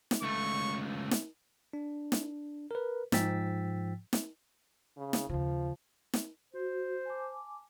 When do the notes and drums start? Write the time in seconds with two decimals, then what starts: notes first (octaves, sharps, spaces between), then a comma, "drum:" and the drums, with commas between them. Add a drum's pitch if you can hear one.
0.11 drum: snare
0.22 C#2 A3 C#6
1.11 drum: snare
1.73 D4
2.12 drum: snare
2.71 A#4 B4
3.12 G#2 F3 G5 E6 A6 B6, drum: snare
4.13 drum: snare
4.97 C#3
5.13 drum: snare
5.29 D#2 C#3 F3
6.14 drum: snare
6.54 F#4 C5
7.05 G#5 A5 D6